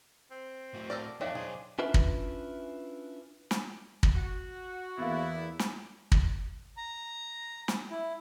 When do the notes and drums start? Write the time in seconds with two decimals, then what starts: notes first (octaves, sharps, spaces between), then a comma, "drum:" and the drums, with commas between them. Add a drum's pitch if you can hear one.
0.31 C4
0.74 A2 F#4
0.90 A4 A#4 D5
1.21 F2 D#3 D4 E4 C#5 D#5 F5
1.35 B1 G#4 C5
1.79 C#4 D4 E4 F4 B4 E5
1.94 drum: kick
3.51 drum: snare
4.03 drum: kick
4.16 F#4
4.98 E2 A#3 B3 E4
5.59 drum: snare
6.12 drum: kick
6.77 A#5
7.68 drum: snare
7.90 E4